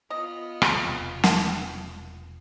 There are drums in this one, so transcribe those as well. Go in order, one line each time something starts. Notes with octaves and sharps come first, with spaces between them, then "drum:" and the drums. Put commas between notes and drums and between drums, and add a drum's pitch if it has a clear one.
B3 F4 D#5
drum: rim click
E1 C3
drum: snare